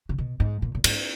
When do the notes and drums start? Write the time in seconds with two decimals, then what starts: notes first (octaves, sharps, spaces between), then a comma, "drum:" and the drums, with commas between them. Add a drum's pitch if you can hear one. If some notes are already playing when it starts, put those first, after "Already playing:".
0.09 C#3
0.18 B2
0.40 G#2
0.62 A#2
0.75 A#2
0.84 G#2, drum: cymbal